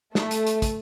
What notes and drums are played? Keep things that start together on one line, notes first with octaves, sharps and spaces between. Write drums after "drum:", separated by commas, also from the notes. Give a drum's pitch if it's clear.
A3, drum: snare
drum: hi-hat
drum: hi-hat
drum: kick, hi-hat